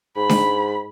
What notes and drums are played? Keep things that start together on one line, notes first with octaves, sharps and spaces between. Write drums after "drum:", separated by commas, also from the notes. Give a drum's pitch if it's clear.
G#2 B5
drum: snare D4